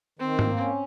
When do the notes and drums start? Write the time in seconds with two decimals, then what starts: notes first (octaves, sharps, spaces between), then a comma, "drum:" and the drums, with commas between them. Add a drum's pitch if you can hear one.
0.19 D#3 C4
0.39 A#3, drum: tom G#2
0.57 C#4